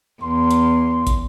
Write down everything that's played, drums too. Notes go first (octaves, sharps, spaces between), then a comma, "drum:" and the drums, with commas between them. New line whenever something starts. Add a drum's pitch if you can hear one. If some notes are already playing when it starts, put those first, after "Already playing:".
E2 C6
drum: hi-hat
drum: kick, hi-hat